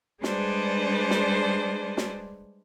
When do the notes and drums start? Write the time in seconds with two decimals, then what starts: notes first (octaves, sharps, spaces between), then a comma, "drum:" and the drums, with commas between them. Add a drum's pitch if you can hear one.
0.23 G3 G#3 D4 G#4 B4 C5, drum: snare
1.10 drum: snare
1.97 drum: snare